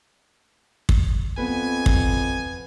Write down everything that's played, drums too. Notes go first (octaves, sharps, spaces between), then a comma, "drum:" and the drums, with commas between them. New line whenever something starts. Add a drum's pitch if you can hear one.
drum: kick
F2 B3 B4 G#5
drum: kick